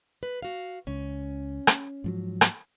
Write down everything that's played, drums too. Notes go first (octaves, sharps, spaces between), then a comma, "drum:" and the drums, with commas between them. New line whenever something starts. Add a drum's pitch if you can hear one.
B4
F#4 F5
C#2 C#4
drum: rim click
G#2 F3 F#3
drum: rim click